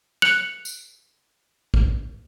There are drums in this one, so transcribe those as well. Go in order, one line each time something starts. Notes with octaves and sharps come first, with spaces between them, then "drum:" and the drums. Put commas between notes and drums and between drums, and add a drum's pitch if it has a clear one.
F#6 C#7 F7 F#7
drum: tambourine
drum: kick G#1